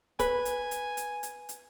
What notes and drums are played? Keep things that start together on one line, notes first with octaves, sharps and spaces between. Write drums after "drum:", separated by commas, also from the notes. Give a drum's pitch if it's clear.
B4 G#5, drum: kick, hi-hat
drum: hi-hat
drum: hi-hat
drum: hi-hat
drum: hi-hat
drum: hi-hat